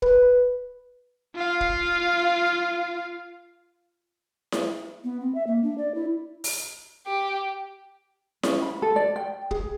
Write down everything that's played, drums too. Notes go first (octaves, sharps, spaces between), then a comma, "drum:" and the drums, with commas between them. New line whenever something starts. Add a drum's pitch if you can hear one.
B4, drum: kick
F4 F5
drum: kick
drum: snare E4
B3
C4
E5
A#3
D4
D5
E4
drum: open hi-hat
G4
C#4, drum: snare E4
B5
A4
D5
G5
G#4, drum: kick